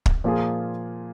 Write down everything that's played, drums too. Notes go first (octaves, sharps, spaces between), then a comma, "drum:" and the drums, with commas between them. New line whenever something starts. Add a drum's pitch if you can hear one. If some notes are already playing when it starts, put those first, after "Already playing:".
drum: kick
A#2 F3 A#3 F4 G#4